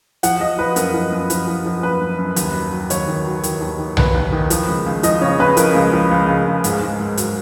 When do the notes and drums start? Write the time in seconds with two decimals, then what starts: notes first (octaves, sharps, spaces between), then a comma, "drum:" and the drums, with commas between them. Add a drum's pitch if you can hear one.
0.23 F3 F#5, drum: hi-hat
0.40 F3 D#5
0.59 F3 B4
0.76 F#2 A#4, drum: hi-hat
0.94 F3
1.12 F#2
1.30 F3, drum: hi-hat
1.48 F3
1.65 F3
1.83 F#2 B4
2.01 F#2
2.19 F#2
2.36 D#2, drum: hi-hat
2.55 F#3
2.72 F#3
2.90 D#2 C#5, drum: hi-hat
3.08 D#3
3.26 F#3
3.43 D#3, drum: hi-hat
3.61 D#2
3.79 D#3
3.97 D#2 B4, drum: tom B1
4.15 D#2
4.32 D#3
4.50 F3, drum: hi-hat
4.68 C#2
4.86 C#2
5.03 F3 D#5, drum: hi-hat
5.22 C#3 C#5
5.39 C#3 B4
5.57 F3 A#4, drum: hi-hat
5.75 C#2
5.93 F3
6.11 C#2
6.28 C#2
6.46 C#2
6.64 G#2, drum: hi-hat
6.82 G#2
7.00 G#2
7.17 F#3, drum: hi-hat